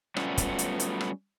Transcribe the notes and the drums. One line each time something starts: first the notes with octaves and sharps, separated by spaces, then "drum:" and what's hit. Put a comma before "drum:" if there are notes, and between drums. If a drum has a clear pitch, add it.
F#3 G3 A3 B3 C#4 F4, drum: rim click
drum: kick, hi-hat
drum: hi-hat
drum: hi-hat
drum: rim click